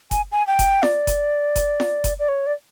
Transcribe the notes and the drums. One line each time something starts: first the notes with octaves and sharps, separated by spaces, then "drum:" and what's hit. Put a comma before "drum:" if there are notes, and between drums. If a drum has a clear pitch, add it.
G#5, drum: kick F#1, hi-hat
G#5
G5
drum: kick F#1, hi-hat
D5, drum: snare F4
drum: kick F#1, hi-hat
drum: kick F#1, hi-hat
drum: snare F4
drum: kick F#1, hi-hat
D5
C#5
D5